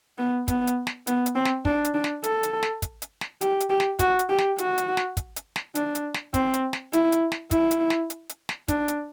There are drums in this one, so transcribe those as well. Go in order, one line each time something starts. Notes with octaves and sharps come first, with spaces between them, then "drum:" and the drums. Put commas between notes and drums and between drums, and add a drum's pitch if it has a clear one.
B3
B3, drum: kick, hi-hat
drum: hi-hat
drum: snare
B3, drum: hi-hat
drum: hi-hat
C4
drum: snare
D4, drum: kick
drum: hi-hat
D4
drum: snare
A4, drum: hi-hat
drum: hi-hat
drum: snare
drum: kick, hi-hat
drum: hi-hat
drum: snare
G4, drum: hi-hat
drum: hi-hat
G4
drum: snare
F#4, drum: kick, hi-hat
drum: hi-hat
G4
drum: snare
F#4, drum: hi-hat
drum: hi-hat
drum: snare
drum: kick, hi-hat
drum: hi-hat
drum: snare
D4, drum: hi-hat
drum: hi-hat
drum: snare
C4, drum: kick, hi-hat
drum: hi-hat
drum: snare
E4, drum: hi-hat
drum: hi-hat
drum: snare
E4, drum: kick, hi-hat
drum: hi-hat
drum: snare
drum: hi-hat
drum: hi-hat
drum: snare
D4, drum: kick, hi-hat
drum: hi-hat